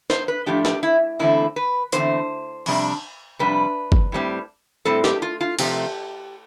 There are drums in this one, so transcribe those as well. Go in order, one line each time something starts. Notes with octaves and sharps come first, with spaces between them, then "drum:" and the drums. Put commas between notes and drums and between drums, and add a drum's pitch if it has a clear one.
C5, drum: snare
B4
A2 F3 A3 D4 G4
G4, drum: snare
E4
E2 D3 A3 C4 E4
B4
E2 D3 A3 C4 C5, drum: hi-hat
F2 C3 G3 D4, drum: cymbal
F2 C3 G3 D4 B4
drum: kick
A2 G3 C4
A2 G3 C4 A4
G4, drum: snare
F4
F4
C3 F3 A3 C4 G4, drum: cymbal